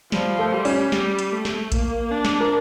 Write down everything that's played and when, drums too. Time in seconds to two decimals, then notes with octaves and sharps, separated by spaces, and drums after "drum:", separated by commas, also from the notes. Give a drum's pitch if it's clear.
0.12 F3 G3, drum: snare
0.39 A3
0.52 G3
0.65 C#4, drum: open hi-hat
0.92 G3, drum: snare
1.19 drum: hi-hat
1.32 A3
1.45 drum: snare
1.72 A#3, drum: kick A1, hi-hat
2.11 D4
2.25 drum: snare
2.41 A#4